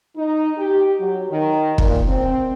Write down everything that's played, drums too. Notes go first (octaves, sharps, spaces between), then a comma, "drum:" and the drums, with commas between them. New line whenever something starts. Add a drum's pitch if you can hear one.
D#4
G4
F#3
D#3
A#2, drum: kick
C4